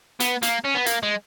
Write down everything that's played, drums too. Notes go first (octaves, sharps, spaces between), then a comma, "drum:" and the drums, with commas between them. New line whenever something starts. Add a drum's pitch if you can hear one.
B3, drum: hi-hat
A#3, drum: hi-hat
C#4
B3
A#3, drum: hi-hat
G#3